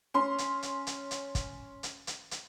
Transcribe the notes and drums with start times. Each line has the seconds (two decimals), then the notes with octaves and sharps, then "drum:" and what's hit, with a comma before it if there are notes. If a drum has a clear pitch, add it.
0.14 C#4 C6
0.38 drum: hi-hat
0.63 drum: hi-hat
0.87 drum: hi-hat
1.11 drum: hi-hat
1.35 drum: kick, hi-hat
1.83 drum: hi-hat
2.07 drum: hi-hat
2.31 drum: hi-hat